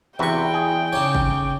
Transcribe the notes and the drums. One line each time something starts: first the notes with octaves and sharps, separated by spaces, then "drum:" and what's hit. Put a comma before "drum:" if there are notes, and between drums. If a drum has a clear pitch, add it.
E2 C3 E4 F#4 B4 G5 C#6
G#4
C#3 D#4 C#5 D6
drum: kick G1